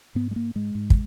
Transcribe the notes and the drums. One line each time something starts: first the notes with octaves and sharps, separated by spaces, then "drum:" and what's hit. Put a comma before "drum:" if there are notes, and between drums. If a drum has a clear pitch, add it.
G#2 B3
G#3
G#2 A#3
G#2 G#3
G#2
drum: kick